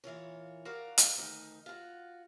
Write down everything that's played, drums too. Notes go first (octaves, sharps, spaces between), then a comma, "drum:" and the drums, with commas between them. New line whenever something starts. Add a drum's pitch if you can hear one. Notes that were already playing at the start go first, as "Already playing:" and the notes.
A#2 E3 F4 C#5
F#4 A#4 D5 F5
drum: hi-hat
D2 D#3 D#4
F4 F#4